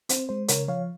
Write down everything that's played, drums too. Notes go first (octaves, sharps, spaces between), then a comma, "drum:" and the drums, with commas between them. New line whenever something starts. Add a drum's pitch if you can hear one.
C4 C5, drum: hi-hat
G#3 C5
C#3 A#4 C#5, drum: hi-hat
F3 C#5 F5